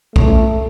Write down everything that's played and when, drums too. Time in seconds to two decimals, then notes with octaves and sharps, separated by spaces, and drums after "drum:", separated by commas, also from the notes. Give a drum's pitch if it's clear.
0.16 C#2 C#3 E3 A3, drum: kick